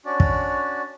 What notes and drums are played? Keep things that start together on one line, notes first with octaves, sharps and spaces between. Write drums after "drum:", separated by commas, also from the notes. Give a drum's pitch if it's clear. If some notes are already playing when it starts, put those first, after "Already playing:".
C#4 D4 F#4 D5
drum: kick